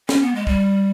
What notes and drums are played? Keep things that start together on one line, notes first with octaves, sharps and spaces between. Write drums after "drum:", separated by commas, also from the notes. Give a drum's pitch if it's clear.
C#4, drum: snare
B3
G#3
G3, drum: kick